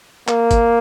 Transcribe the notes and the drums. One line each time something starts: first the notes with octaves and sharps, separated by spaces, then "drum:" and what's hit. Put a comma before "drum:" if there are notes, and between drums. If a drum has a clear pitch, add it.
A#3, drum: clap
drum: kick, hi-hat